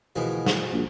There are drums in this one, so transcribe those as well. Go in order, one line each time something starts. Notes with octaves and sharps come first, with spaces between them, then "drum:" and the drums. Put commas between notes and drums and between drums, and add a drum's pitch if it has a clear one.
D2 B2 E3 F3 G#3 A#4
drum: snare
A#1